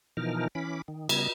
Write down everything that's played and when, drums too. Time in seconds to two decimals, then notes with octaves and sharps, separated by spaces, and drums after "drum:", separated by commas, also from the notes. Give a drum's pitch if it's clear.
0.17 B2 E3 F3 D#4 A#4 F6
0.55 E3 C#4 B5 D6
0.88 D#3
1.09 C#3 G3 B3 G#6 A#6, drum: cymbal